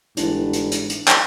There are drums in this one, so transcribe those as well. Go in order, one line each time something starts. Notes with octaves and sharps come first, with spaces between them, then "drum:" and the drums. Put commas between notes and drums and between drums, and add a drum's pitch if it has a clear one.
G1 G#2 E3 D4, drum: hi-hat
drum: hi-hat
drum: hi-hat
drum: hi-hat
drum: clap